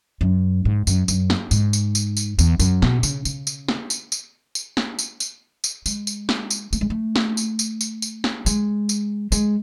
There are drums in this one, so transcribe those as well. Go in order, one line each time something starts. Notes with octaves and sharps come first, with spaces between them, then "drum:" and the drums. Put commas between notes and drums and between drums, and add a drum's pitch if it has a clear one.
F#2
G#2
F#2, drum: tambourine
F#2, drum: tambourine
drum: snare
G#2, drum: tambourine
drum: tambourine
drum: tambourine
drum: tambourine
E2, drum: tambourine
F#2, drum: tambourine
B2, drum: snare
C#3, drum: tambourine
C#3, drum: tambourine
drum: tambourine
drum: snare
drum: tambourine
drum: tambourine
drum: tambourine
drum: snare
drum: tambourine
drum: tambourine
drum: tambourine
G#3, drum: tambourine
drum: tambourine
drum: snare
drum: tambourine
A3, drum: tambourine
G#3
A3
drum: snare
drum: tambourine
drum: tambourine
drum: tambourine
drum: tambourine
drum: snare
G#3, drum: tambourine
drum: tambourine
G#3, drum: tambourine